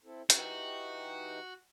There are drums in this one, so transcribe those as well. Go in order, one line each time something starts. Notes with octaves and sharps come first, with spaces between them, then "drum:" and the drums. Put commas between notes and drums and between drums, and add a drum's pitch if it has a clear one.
C4 E4 A4
E3 D#4 F#4 G4, drum: hi-hat